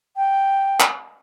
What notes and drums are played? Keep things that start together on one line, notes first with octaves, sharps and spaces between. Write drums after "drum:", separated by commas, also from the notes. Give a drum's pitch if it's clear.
G5
drum: clap